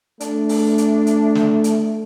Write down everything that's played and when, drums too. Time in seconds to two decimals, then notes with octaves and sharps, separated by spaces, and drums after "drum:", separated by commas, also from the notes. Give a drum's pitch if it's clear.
0.20 A3 D4, drum: hi-hat
0.49 drum: open hi-hat
0.78 drum: hi-hat
1.07 drum: hi-hat
1.35 drum: snare
1.64 drum: hi-hat